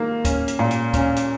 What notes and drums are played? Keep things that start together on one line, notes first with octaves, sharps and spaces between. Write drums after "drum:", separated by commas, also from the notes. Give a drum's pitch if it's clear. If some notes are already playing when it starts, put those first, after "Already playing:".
Already playing: D#3 A#3 F4
C#4, drum: kick D2, hi-hat
drum: hi-hat
A#2
drum: hi-hat
C#4, drum: kick D2, hi-hat
drum: hi-hat